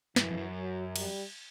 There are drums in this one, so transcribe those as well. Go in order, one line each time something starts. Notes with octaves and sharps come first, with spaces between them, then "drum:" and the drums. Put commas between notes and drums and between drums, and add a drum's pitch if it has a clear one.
G2 E3, drum: snare
F#2
F2
F#2
F#3
G3, drum: cymbal